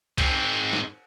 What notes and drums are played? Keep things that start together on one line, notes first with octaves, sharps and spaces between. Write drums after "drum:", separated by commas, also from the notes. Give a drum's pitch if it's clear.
G#2 C4, drum: kick C2, cymbal
drum: snare